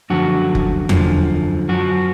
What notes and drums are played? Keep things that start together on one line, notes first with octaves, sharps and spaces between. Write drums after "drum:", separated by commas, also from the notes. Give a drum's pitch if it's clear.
F#2 D3 F3 F#4
drum: kick F1
F#2 D3 F3, drum: tom E2
F#2 F3 F#4